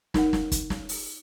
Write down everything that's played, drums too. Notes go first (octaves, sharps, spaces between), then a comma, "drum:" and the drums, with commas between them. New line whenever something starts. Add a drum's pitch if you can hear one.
D#4 A#4 F#5, drum: snare
drum: snare
drum: kick, hi-hat
drum: snare
drum: open hi-hat